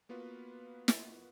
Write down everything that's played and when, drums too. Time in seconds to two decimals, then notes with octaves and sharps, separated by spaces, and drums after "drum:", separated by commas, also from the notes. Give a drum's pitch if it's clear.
0.09 A#3 B3 F4 F#4 B4
0.88 drum: snare